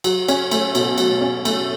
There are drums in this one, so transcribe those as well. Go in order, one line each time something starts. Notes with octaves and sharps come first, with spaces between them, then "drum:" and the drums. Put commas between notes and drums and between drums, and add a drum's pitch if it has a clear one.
F#3, drum: cymbal
C#4, drum: cymbal
A3, drum: cymbal
B2, drum: cymbal
F#3, drum: cymbal
C#4
A3, drum: cymbal